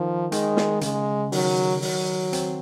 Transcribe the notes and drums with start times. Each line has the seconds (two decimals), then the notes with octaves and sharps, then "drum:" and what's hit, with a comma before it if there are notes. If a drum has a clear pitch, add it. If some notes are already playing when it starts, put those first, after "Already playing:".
Already playing: D#3 F3
0.32 D#3 G#3, drum: hi-hat
0.57 drum: snare
0.81 C#3 G#3, drum: hi-hat
1.32 D#3 F#3, drum: open hi-hat
1.82 F#3, drum: open hi-hat
2.33 C4, drum: hi-hat